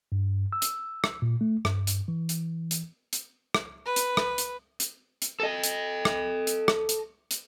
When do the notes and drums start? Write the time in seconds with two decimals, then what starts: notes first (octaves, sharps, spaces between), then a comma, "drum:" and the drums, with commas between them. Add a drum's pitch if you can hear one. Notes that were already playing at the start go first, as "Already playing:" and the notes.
0.12 G2
0.52 E6
0.62 drum: hi-hat
1.04 drum: rim click
1.22 A#2
1.41 A3
1.65 G2, drum: rim click
1.87 drum: hi-hat
2.08 E3
2.29 drum: hi-hat
2.71 drum: hi-hat
3.13 drum: hi-hat
3.54 drum: rim click
3.86 B4
3.96 drum: hi-hat
4.17 drum: rim click
4.38 drum: hi-hat
4.80 drum: hi-hat
5.22 drum: hi-hat
5.40 A4 D#5
5.64 drum: hi-hat
6.05 drum: rim click
6.47 drum: hi-hat
6.68 drum: rim click
6.89 drum: hi-hat
7.31 drum: hi-hat